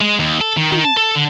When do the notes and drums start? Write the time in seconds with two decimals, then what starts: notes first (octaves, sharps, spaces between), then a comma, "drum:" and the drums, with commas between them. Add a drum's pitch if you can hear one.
0.01 G#3
0.19 D#2
0.41 A4
0.57 D#3
0.72 D#3, drum: tom
0.84 A5
0.97 A4
1.15 D3